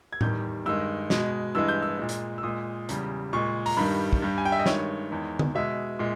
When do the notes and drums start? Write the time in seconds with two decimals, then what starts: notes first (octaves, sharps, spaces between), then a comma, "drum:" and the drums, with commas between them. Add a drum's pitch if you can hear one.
0.12 G#6
0.21 E2 D#3 G3 G6, drum: tom A2
0.66 G2 D#3 G#3 E6
1.10 B2 G#3, drum: snare
1.55 G2 E3 G#3 E6
1.68 G6
1.82 E6
1.99 A#2 G#3
2.09 drum: hi-hat
2.38 E6
2.43 A#2 G#3 D#6
2.89 E2 C#3 G3, drum: hi-hat
3.33 A#2 G#3 C#6
3.66 A#5, drum: open hi-hat
3.77 G2 D#3 G3 B5
4.13 drum: kick
4.22 G2 G3
4.38 G#5
4.45 G5
4.52 E5
4.59 D#5
4.66 G2 D#3 G#3 C#5, drum: snare
5.11 E2 D#3 G#3
5.39 drum: tom D3
5.55 B2 G#3 E5
5.99 A#2 G#3